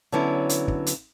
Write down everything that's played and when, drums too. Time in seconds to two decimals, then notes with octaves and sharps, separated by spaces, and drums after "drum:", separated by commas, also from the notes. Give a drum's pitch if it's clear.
0.12 D3 F#3 B3 C#4 E4
0.49 drum: hi-hat
0.68 drum: kick
0.86 drum: hi-hat